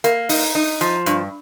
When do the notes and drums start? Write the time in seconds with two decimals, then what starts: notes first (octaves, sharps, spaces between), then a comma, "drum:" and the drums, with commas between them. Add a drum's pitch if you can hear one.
0.04 A#3, drum: hi-hat
0.29 D#4, drum: open hi-hat
0.55 D#4
0.81 F3, drum: hi-hat
1.06 G2, drum: hi-hat